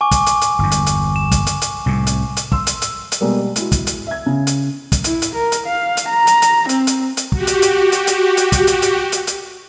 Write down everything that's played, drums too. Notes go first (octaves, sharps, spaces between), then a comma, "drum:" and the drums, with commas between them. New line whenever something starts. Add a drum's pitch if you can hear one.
G#5 C#6 D6
drum: kick, hi-hat
drum: hi-hat
drum: hi-hat
G1 E2
drum: hi-hat
drum: hi-hat
E7
drum: kick, hi-hat
drum: hi-hat
drum: hi-hat
C2 A2 C3
drum: hi-hat
drum: hi-hat
C6 E6, drum: kick
drum: hi-hat
drum: hi-hat
drum: hi-hat
B2 G3 G#3 A#3
G#3 E4 F#4, drum: hi-hat
drum: kick, hi-hat
drum: hi-hat
E5 G#6
C#3
drum: hi-hat
drum: kick, hi-hat
E4, drum: hi-hat
drum: hi-hat
A#4
drum: hi-hat
F5
drum: hi-hat
A#5
drum: hi-hat
drum: hi-hat
C4, drum: hi-hat
drum: hi-hat
drum: hi-hat
F#4 G4, drum: kick
drum: hi-hat
drum: hi-hat
drum: hi-hat
drum: hi-hat
drum: hi-hat
drum: kick, hi-hat
drum: hi-hat
drum: hi-hat
drum: hi-hat
drum: hi-hat